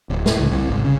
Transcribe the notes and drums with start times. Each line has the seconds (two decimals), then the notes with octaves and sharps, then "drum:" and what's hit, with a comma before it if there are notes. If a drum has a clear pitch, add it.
0.10 D1
0.26 A2, drum: snare
0.39 C#2
0.51 C2
0.69 G#1
0.84 C#3